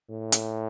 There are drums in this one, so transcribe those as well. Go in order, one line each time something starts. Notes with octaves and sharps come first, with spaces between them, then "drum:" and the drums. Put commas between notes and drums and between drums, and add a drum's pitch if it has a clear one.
A2
drum: hi-hat